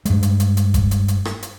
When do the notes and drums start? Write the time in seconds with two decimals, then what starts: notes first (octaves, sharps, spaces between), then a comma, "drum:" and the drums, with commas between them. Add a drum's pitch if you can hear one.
0.05 G2 G#3, drum: hi-hat
0.23 drum: hi-hat
0.40 drum: hi-hat
0.57 drum: hi-hat
0.74 drum: kick F1, hi-hat
0.91 drum: hi-hat
1.08 drum: hi-hat
1.25 drum: rim click
1.43 drum: hi-hat